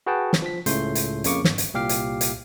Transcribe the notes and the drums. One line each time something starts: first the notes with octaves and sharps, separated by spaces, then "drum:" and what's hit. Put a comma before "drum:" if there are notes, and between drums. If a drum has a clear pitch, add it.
F#4 G#4 B4 F#5 G5 A5
drum: snare
F3 B6
C#2 A2 C#3 A3 C6 G6, drum: hi-hat
drum: hi-hat
F2 C#3 A#3 C#6 D6 C#7, drum: hi-hat
G#1, drum: snare
drum: hi-hat
C2 A#2 G4 F5 D6 C7
drum: hi-hat
drum: hi-hat